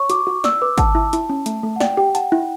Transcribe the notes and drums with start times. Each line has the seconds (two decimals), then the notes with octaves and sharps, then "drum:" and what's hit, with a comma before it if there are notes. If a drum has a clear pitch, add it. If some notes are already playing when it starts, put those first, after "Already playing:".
Already playing: C#5 C#6
0.10 F#4 D6, drum: hi-hat
0.27 F#4
0.44 D5 E6, drum: snare
0.62 B4 D6
0.78 F#5 A5, drum: kick G#1, hi-hat
0.95 E4 A5
1.13 E4, drum: hi-hat
1.30 C#4
1.46 A3, drum: hi-hat
1.63 A3
1.76 F#5
1.80 D5 G5, drum: snare
1.97 G4 G5
2.09 G5
2.15 F#5 A5, drum: hi-hat
2.32 E4